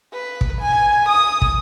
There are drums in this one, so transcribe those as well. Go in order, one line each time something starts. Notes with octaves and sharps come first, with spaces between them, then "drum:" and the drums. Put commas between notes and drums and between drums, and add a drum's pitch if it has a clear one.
B4
drum: kick
G#5
D#6
drum: kick